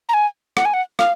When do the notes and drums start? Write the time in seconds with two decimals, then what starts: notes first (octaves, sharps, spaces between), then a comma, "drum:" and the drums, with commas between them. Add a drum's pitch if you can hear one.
0.09 A#5
0.14 G#5
0.57 F#5, drum: rim click
0.65 G#5
0.74 F#5
0.99 F5, drum: rim click